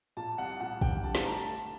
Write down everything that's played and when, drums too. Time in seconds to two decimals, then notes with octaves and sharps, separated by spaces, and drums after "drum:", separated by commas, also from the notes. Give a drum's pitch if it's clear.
0.17 A#2 A5
0.38 C2 F#5
0.60 A#2 F#5
0.81 G3 G5, drum: kick
1.04 D3 A5
1.15 A5, drum: snare
1.24 A3 A#5
1.35 A5
1.46 A3 A5